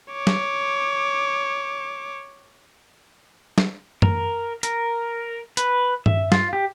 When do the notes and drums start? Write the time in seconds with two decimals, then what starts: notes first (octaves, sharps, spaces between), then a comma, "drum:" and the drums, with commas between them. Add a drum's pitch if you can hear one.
0.13 C#5 D6
0.27 drum: snare
3.58 drum: snare
4.02 A#4, drum: tom F#2
4.63 A#4, drum: hi-hat
5.57 B4, drum: hi-hat
6.06 E5, drum: tom G2
6.32 F4, drum: snare
6.53 G4